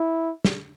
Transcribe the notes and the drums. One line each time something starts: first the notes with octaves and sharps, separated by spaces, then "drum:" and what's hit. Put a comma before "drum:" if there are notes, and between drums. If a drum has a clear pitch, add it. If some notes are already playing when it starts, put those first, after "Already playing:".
Already playing: E4
drum: snare